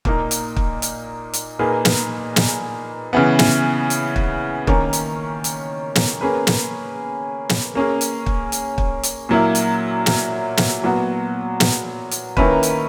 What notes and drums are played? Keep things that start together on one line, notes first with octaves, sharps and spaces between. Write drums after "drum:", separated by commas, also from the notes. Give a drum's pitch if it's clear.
A#2 A#3 D#4, drum: kick
drum: hi-hat
drum: kick
drum: hi-hat
drum: hi-hat
A#2 A#3 D#4 G#4 B4
drum: snare
drum: snare
C#3 E3 B3
drum: snare
drum: hi-hat
drum: kick
D#3 A#3 C#4, drum: kick
drum: hi-hat
drum: hi-hat
drum: snare
A#3 C#4 G#4 B4
drum: snare
drum: snare
A#3 C#4 G#4
drum: hi-hat
drum: kick
drum: hi-hat
drum: kick
drum: hi-hat
A#2 F#3 A#3 E4
drum: hi-hat
drum: snare
drum: snare
A#2 F#3 B3 F#4
drum: snare
drum: hi-hat
D#3 A#3 C#4 E4 B4, drum: kick
drum: hi-hat